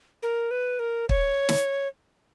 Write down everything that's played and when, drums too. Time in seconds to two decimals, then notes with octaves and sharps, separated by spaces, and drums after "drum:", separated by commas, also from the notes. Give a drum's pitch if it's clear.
0.23 A#4
0.51 B4
0.79 A#4
1.09 C#5, drum: kick
1.49 drum: snare